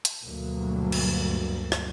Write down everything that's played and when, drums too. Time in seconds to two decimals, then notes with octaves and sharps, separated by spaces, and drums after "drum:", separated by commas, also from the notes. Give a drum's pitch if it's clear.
0.05 drum: hi-hat
0.24 D2 G2 B2 F#3 A#3
0.92 drum: cymbal
1.72 drum: rim click